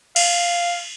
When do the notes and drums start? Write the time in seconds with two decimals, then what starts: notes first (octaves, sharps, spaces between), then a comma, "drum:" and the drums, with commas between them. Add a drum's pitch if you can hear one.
0.16 F5, drum: cymbal